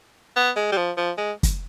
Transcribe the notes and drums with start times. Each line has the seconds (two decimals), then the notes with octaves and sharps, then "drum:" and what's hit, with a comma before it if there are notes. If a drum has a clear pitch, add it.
0.36 B3
0.56 G#3
0.72 G3
0.77 F3
0.97 F3
1.17 G#3
1.43 drum: kick, hi-hat